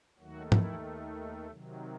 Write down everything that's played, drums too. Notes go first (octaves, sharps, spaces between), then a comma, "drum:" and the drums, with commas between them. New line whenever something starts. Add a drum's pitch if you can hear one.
D#2 D#3 F#3 A3 F#4
E3 E4, drum: tom G#2
C3 D#3 F#3